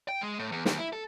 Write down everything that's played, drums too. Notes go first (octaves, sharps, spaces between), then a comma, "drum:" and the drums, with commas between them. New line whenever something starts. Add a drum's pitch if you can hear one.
G5
G#3
A2
E2
D#2, drum: snare
E4
A4